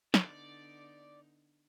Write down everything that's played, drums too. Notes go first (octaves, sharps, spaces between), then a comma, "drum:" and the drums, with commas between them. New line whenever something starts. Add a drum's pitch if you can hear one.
D3 B3 D#4 D5, drum: snare